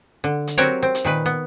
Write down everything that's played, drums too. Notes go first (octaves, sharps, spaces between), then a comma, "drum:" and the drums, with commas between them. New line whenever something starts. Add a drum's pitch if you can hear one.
D3
drum: hi-hat
F#3 C4 F#4 G4 A#4 C#5
C4
drum: hi-hat
A#2 D#3 B4
B3